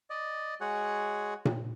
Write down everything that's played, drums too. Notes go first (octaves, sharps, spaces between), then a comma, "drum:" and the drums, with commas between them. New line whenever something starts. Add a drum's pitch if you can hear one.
D5 D#5
G#3 F#4 G#4 C#5 F#5
drum: tom A#2